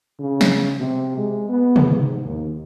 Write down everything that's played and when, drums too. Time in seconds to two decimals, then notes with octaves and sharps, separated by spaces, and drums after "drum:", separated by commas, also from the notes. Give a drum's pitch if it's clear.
0.20 C#3
0.41 drum: snare
0.79 C3
1.17 G#3
1.49 B3
1.76 drum: tom C3
1.88 G#2
2.24 D#2